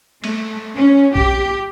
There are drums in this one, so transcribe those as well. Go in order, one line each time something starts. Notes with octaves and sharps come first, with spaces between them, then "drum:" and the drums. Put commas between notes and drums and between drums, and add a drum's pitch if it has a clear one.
A3, drum: cymbal
C#4
G4, drum: kick B1